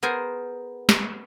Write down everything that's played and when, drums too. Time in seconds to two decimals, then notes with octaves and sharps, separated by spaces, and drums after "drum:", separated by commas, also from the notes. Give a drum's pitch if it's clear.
0.03 B3 G#4 A#4 C5 G#5
0.89 drum: snare